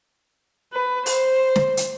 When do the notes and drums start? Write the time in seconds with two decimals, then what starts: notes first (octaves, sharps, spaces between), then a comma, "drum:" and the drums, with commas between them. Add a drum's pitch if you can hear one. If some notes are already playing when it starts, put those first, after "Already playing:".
0.73 B4
1.06 C5, drum: open hi-hat
1.56 drum: snare
1.77 drum: hi-hat